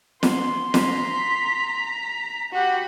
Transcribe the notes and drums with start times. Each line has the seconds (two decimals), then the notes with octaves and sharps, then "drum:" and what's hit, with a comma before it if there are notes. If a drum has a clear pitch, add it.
0.23 B3 C6, drum: snare
0.74 A#5 B6, drum: snare
2.52 F#4 G4 F#5 B5